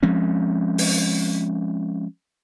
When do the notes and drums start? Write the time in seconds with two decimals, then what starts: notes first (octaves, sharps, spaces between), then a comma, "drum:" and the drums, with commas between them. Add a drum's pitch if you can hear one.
0.03 F3 G#3 C4 C#4
0.78 drum: open hi-hat